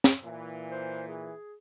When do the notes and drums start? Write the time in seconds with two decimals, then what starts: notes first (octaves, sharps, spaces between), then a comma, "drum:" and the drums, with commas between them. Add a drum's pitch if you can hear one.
0.04 drum: snare
0.23 A#2 E3
0.71 C5
1.08 G#4